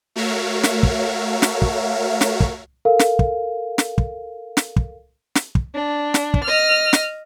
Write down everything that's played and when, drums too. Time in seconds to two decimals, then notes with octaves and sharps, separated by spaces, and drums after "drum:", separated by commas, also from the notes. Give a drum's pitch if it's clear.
0.16 A3 F#4 A#4 C#5 E5 F5
0.63 drum: snare
0.83 drum: kick
1.42 drum: snare
1.62 drum: kick
2.21 drum: snare
2.40 drum: kick
2.85 A4 A#4 F5
2.99 drum: snare
3.19 drum: kick
3.78 drum: snare
3.98 drum: kick
4.57 drum: snare
4.76 drum: kick
5.35 drum: snare
5.55 drum: kick
5.75 D4
6.14 drum: snare
6.34 drum: kick
6.44 D#5 F6
6.93 drum: snare